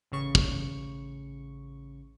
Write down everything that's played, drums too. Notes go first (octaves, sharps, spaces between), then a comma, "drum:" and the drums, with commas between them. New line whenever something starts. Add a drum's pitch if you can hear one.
A1 C#3 C#6
drum: kick